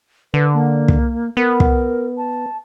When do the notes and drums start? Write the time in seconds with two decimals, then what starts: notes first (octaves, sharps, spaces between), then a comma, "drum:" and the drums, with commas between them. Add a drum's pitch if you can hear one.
0.34 D3 B4
0.54 A#3
0.88 drum: kick
1.37 B3 A#4
1.60 drum: kick
2.18 A5